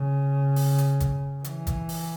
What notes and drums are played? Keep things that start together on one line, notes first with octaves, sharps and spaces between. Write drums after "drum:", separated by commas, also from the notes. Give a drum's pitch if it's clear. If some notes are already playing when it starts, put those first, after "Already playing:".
Already playing: C#3
drum: open hi-hat
drum: hi-hat
drum: kick, hi-hat
E3, drum: hi-hat
drum: kick, hi-hat
drum: open hi-hat